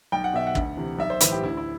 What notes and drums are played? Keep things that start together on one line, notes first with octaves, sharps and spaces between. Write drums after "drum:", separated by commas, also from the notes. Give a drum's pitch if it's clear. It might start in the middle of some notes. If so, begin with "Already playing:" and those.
B1 G5
F#5
B2 E5
F#5
D2, drum: kick
C3 E3
B1 E5
C5
A2 E3 B4, drum: hi-hat
G4
D2 E4
E4